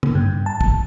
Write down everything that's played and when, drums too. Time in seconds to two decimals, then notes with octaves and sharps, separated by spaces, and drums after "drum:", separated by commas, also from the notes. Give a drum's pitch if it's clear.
0.03 drum: tom
0.15 G2
0.46 A5
0.61 drum: kick